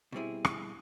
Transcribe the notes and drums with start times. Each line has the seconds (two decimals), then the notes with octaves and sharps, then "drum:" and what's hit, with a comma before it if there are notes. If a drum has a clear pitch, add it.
0.12 B2 G3 C4 E4 G#4
0.45 drum: rim click